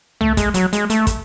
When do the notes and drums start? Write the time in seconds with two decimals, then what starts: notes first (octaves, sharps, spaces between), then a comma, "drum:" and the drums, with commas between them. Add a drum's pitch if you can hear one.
0.21 A3, drum: tom
0.37 G#3, drum: kick, hi-hat
0.54 F#3, drum: hi-hat
0.73 G#3, drum: hi-hat
0.90 A3, drum: hi-hat
1.07 drum: kick, hi-hat